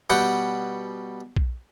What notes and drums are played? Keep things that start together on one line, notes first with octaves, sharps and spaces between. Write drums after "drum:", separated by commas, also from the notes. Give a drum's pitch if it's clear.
B2 G3 F#5 G5
drum: kick B1